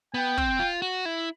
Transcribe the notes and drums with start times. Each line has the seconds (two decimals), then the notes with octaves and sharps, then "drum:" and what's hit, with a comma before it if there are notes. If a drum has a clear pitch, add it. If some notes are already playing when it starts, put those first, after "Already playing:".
0.14 B3 G5
0.37 C4, drum: kick
0.59 F4
0.82 F#4
1.05 E4